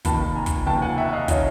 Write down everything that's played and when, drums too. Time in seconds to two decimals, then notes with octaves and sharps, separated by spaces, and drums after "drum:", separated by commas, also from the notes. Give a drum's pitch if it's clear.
0.05 F1 D#2 D#3 A5 B5, drum: kick, hi-hat
0.35 G#5 A#5
0.46 drum: kick, hi-hat
0.66 F1 D#2 D#3 G5 A5
0.82 F#5 G#5
0.98 E5 F#5
1.13 D#5 F5
1.28 D#3 C#5 D#5, drum: kick, hi-hat